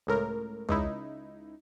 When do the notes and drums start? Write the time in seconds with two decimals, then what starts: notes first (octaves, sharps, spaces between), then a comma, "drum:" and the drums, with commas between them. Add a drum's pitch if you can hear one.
0.07 C#2 A2 A#4
0.69 C#2 D#4 E4, drum: tom